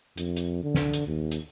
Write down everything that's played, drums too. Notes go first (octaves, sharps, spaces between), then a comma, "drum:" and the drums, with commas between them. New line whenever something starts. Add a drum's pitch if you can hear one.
F2, drum: hi-hat
drum: hi-hat
D3
drum: snare
drum: hi-hat
D#2
drum: hi-hat